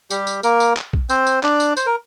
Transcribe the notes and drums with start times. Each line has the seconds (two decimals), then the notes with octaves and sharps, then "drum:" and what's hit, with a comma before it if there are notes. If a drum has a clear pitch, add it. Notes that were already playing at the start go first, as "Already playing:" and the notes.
0.10 G3 G4, drum: tambourine
0.27 drum: tambourine
0.43 A#3 A#4, drum: tambourine
0.60 drum: tambourine
0.77 drum: clap
0.93 drum: kick A#1
1.09 C4 C5, drum: tambourine
1.27 drum: tambourine
1.43 D4 D5, drum: clap
1.60 drum: tambourine
1.77 C5, drum: tambourine
1.86 A#4